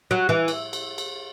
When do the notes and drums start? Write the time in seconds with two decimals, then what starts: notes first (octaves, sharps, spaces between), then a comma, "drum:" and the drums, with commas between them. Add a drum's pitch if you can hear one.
0.11 F#3
0.29 E3
0.48 drum: cymbal
0.73 drum: cymbal
0.98 drum: cymbal